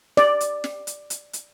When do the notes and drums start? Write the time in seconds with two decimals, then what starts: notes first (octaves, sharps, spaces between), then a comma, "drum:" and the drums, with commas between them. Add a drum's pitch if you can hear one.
0.17 D5, drum: snare
0.41 drum: hi-hat
0.64 drum: snare
0.87 drum: hi-hat
1.10 drum: hi-hat
1.33 drum: hi-hat